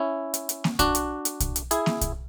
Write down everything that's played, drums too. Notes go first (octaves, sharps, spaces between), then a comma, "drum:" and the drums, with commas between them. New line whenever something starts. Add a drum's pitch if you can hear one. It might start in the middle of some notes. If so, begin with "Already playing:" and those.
Already playing: C#4 E4
drum: hi-hat
drum: hi-hat
drum: snare A#3
D4 F#4, drum: kick B1, hi-hat
drum: hi-hat
drum: hi-hat
drum: kick B1, hi-hat
drum: hi-hat
E4 G#4, drum: hi-hat
drum: snare A#3
drum: kick B1, hi-hat